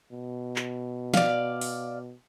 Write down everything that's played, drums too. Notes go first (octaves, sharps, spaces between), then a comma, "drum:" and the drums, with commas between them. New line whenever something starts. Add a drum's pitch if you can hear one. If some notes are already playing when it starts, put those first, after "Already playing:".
B2
drum: clap
D5 F5, drum: snare
drum: open hi-hat